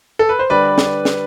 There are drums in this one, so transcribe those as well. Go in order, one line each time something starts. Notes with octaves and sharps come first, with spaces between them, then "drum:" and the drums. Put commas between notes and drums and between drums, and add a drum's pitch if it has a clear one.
A4
B4
C5
D3 G3 B4 D5
drum: snare
drum: snare